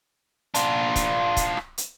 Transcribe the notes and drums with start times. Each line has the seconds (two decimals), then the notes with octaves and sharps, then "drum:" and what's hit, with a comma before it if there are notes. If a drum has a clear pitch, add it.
0.55 D4 F4, drum: hi-hat
0.96 drum: kick, hi-hat
1.37 drum: kick, hi-hat
1.57 drum: rim click
1.78 drum: hi-hat